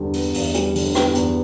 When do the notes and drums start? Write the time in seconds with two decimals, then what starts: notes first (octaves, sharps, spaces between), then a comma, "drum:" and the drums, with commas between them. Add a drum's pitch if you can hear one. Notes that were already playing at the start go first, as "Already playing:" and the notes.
Already playing: E2 D3 G3 B3
0.13 B3, drum: open hi-hat
0.34 E2, drum: open hi-hat
0.54 G3, drum: hi-hat
0.75 D3, drum: open hi-hat
0.95 B3, drum: rim click
1.15 E2, drum: hi-hat